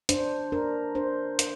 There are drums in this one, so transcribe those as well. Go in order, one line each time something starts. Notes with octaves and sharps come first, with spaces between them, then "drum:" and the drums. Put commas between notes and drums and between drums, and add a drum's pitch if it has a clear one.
D4 C5, drum: hi-hat
D4 A#4
D4 C5
D4, drum: hi-hat